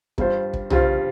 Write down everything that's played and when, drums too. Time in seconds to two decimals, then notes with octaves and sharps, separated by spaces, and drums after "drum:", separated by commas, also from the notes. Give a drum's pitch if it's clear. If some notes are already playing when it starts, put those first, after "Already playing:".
0.18 G2 G3 F4 C5, drum: kick
0.53 drum: kick
0.70 G2 G3 F4 C5, drum: tom